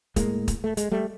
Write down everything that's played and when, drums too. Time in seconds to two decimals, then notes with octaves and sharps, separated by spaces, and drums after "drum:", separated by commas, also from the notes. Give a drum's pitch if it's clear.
0.16 A2 G#3 A#3, drum: kick, hi-hat
0.48 drum: kick, hi-hat
0.64 A3
0.77 G#3, drum: hi-hat
0.91 G3 A3